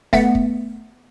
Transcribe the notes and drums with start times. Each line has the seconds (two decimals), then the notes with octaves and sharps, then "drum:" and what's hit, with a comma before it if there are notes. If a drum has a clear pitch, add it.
0.13 A3 B3, drum: snare
0.35 drum: kick